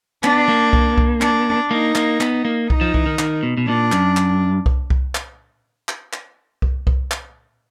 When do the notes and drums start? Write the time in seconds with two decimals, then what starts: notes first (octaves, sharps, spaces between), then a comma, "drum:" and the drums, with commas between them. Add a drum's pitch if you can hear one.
0.24 B3 D4, drum: clap
0.49 A#3
0.73 drum: kick C2
0.98 drum: kick C2
1.22 D4, drum: clap
1.71 A#3 D#4
1.95 A#3, drum: clap
2.21 B3, drum: clap
2.45 A#3
2.70 D#4, drum: kick C2
2.81 F3
2.94 E3, drum: kick C2
3.06 D#3
3.19 D#3, drum: clap
3.43 B2
3.57 B2
3.68 A#2 D4
3.92 F#2, drum: clap
4.17 drum: clap
4.66 drum: kick C2
4.90 drum: kick C2
5.15 drum: clap
5.89 drum: clap
6.13 drum: clap
6.62 drum: kick C2
6.87 drum: kick C2
7.11 drum: clap